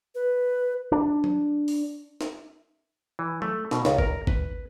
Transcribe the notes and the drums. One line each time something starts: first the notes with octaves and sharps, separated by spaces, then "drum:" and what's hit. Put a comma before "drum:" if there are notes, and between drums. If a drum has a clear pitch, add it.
B4
D4
drum: tom F#3
drum: open hi-hat
drum: snare
E3
A3, drum: tom F#3
B2, drum: snare
C#2, drum: snare
A#4, drum: kick G#1
B4, drum: kick G#1